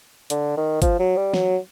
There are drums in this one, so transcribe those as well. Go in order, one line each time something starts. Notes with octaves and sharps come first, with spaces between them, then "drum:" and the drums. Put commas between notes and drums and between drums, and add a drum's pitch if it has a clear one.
D3, drum: hi-hat
D#3
F3, drum: kick, hi-hat
F#3
G3
F#3, drum: snare